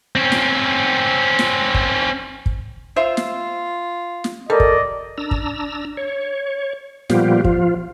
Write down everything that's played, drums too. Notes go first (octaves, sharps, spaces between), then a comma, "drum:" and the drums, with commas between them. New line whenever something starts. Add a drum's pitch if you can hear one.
C4 C#4
drum: snare
drum: snare
drum: kick
drum: kick
F4 C5 E5
drum: snare
drum: snare
G3 A4 A#4 D5 D#5
drum: kick
D4 A#5 E6
drum: kick
C#5
A#2 F3 G3 B3 F4 G4, drum: snare
F3 F4, drum: kick